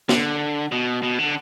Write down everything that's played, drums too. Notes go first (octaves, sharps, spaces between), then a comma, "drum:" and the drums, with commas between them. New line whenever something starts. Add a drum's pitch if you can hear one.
D3, drum: snare
B2
B2
D3